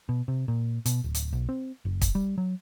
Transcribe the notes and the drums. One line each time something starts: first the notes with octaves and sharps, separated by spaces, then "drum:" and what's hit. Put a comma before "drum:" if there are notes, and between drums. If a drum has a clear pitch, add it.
B2
C3
A#2
B2, drum: hi-hat
D1
drum: hi-hat
B1
C4
F#1
drum: kick, hi-hat
G3
F#3